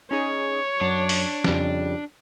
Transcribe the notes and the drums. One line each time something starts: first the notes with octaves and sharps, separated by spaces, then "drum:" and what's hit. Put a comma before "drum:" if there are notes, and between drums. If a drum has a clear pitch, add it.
C#4 D#4 G#4 C#5
F#2 D4
drum: open hi-hat
F2 C#3 G3, drum: snare